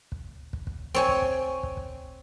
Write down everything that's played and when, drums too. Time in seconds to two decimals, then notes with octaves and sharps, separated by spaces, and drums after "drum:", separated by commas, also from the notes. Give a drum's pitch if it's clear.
0.12 drum: kick
0.53 drum: kick
0.67 drum: kick
0.95 C4 C#5 G#5
1.08 drum: kick
1.22 drum: kick
1.63 drum: kick
1.77 drum: kick